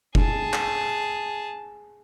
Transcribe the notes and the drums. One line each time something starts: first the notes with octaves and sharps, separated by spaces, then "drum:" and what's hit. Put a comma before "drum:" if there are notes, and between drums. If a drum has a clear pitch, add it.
G#4 A5, drum: kick F1
drum: clap